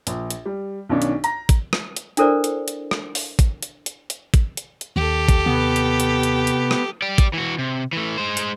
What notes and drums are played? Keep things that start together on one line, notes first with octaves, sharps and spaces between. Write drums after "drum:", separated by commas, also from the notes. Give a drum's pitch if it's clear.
A#1, drum: hi-hat
drum: hi-hat
G3
B1 D#3 C#4 D4
drum: hi-hat
A#5 A#6, drum: hi-hat
drum: kick, hi-hat
drum: rim click
drum: hi-hat
D4 E4 A4 A#4 C5 D5, drum: hi-hat
drum: hi-hat
drum: hi-hat
drum: rim click
drum: open hi-hat
drum: kick, hi-hat
drum: hi-hat
drum: hi-hat
drum: hi-hat
drum: kick, hi-hat
drum: hi-hat
drum: hi-hat
D#2 D#3 G4 A4
drum: kick, hi-hat
C3 B3
drum: hi-hat
drum: hi-hat
drum: hi-hat
drum: hi-hat
drum: rim click
G4 D5
drum: kick, hi-hat
E3 F#4
C3
E3 A3
G#3 C5
drum: hi-hat